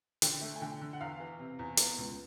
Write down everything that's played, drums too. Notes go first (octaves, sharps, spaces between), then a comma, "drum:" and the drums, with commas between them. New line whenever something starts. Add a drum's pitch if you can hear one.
D3 G5, drum: hi-hat
A3
G#5
D3 G5
D3
F#5
E2 F5
E3
C3
E2
B3, drum: hi-hat
C#2